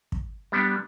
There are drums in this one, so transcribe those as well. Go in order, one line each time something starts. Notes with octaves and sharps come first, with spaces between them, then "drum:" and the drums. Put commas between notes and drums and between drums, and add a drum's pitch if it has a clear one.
drum: kick
G3 B3 D4